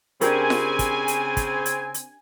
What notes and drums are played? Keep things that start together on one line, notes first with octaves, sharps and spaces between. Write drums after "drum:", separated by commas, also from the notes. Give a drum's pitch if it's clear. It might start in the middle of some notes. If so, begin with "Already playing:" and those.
C#3 C4 D4 G4 A#4 G#5, drum: hi-hat
drum: snare F4
drum: kick, hi-hat
drum: hi-hat
drum: kick, hi-hat
drum: hi-hat
drum: hi-hat